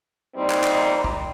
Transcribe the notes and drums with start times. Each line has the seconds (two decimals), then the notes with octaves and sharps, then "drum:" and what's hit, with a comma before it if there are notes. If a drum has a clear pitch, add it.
0.36 A#2 G3 C4 D#4
0.50 drum: clap
0.64 drum: clap
1.04 drum: kick